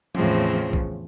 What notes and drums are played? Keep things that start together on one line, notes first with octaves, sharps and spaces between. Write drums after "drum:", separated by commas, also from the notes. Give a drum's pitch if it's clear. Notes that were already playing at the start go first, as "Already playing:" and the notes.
E2 A2 C#3 F3 C4, drum: tom F3
drum: kick